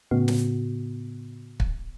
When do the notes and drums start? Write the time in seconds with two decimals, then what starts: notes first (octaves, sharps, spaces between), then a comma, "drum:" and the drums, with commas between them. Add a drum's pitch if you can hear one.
0.11 A2 C#3 B3 F#4
0.28 drum: snare
1.60 drum: kick